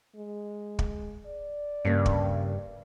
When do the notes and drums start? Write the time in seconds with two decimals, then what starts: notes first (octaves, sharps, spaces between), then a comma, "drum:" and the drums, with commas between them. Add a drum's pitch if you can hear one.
0.16 G#3
0.79 drum: kick
1.26 D5
1.85 G2 C#3 A#3
2.06 drum: kick